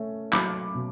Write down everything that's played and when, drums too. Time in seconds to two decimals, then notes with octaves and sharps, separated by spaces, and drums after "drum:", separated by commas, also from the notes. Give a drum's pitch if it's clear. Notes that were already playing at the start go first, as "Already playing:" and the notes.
Already playing: A3 C#4
0.33 F#3 B5 D6, drum: clap
0.75 B2